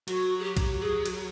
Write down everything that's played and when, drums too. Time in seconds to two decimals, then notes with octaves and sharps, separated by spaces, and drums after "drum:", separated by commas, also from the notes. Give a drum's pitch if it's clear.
0.08 F#3 F#4, drum: cymbal
0.40 G#4
0.44 G4
0.57 drum: kick B1, cymbal
0.81 G#4
1.06 drum: cymbal